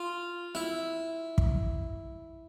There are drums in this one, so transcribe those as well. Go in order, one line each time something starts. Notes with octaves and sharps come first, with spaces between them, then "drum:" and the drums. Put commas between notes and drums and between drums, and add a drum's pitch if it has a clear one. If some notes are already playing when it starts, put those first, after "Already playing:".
Already playing: F4
E4
drum: kick